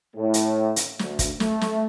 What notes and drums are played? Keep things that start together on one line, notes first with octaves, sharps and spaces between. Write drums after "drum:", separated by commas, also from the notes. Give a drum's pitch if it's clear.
A2
drum: hi-hat
drum: hi-hat
D2, drum: snare
drum: kick, hi-hat
A3, drum: snare
drum: snare